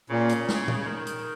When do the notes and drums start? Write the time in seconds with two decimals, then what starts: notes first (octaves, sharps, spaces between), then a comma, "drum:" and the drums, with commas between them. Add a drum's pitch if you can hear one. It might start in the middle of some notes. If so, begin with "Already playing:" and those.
0.10 A#2 C#3
0.29 drum: hi-hat
0.49 drum: snare
0.68 drum: tom
0.87 D#3
1.07 drum: hi-hat